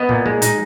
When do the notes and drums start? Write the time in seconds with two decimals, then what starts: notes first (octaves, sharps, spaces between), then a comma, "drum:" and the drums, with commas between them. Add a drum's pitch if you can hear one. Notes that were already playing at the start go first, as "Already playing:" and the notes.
Already playing: B3 D#5
0.09 A#2
0.26 G#3
0.42 D#4, drum: hi-hat